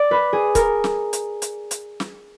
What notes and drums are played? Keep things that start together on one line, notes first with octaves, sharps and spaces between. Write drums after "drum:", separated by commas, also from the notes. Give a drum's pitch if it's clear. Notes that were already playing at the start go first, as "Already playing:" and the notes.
Already playing: D5
B4
G#4
A#4, drum: kick, hi-hat
drum: snare
drum: hi-hat
drum: hi-hat
drum: hi-hat
drum: snare